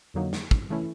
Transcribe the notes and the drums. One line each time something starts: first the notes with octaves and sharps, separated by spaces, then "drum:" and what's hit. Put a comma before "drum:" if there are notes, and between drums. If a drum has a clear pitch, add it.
F2 D3 F#3 A#3 D#4
drum: snare
drum: kick
E3 A3 C#4 E4